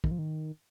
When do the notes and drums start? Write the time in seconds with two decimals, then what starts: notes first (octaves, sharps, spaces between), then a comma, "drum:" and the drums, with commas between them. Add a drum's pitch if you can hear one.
0.04 D#3, drum: kick
0.11 F3
0.19 D#3